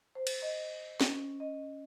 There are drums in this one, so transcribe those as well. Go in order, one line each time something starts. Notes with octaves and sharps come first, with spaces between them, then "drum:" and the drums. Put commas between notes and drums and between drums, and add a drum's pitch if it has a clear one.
C5
drum: cymbal
D#5
C#4, drum: snare
D#5